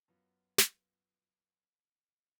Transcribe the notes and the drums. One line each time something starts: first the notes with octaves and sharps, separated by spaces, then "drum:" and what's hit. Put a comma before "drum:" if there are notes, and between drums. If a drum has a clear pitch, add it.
F#2 B3 F4
drum: snare